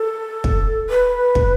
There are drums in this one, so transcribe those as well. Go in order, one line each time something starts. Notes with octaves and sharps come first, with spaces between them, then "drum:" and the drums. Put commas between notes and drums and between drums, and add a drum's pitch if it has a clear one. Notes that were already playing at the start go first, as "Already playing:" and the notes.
Already playing: A4
drum: kick
B4
drum: kick